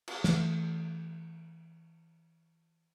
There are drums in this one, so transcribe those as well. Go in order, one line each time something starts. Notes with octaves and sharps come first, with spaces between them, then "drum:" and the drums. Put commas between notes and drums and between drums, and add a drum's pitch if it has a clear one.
drum: cymbal
E3 A3, drum: snare